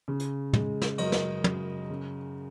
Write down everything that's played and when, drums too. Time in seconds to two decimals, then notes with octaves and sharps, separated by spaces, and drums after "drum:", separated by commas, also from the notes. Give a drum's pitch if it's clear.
0.08 C#3
0.20 drum: hi-hat
0.53 G#3, drum: tom
0.82 drum: snare
0.98 F#2 A#4 D#5, drum: cymbal
1.12 drum: snare
1.44 F#2, drum: tom
1.90 C#3